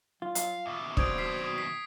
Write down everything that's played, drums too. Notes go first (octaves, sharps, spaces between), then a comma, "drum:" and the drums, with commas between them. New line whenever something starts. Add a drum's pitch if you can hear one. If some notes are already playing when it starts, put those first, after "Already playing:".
F#3 F4
F#3 F5, drum: hi-hat
D#2 B2 E5
F#3 D4 C5 D#6 G#6 D7, drum: kick
B6 C7
B6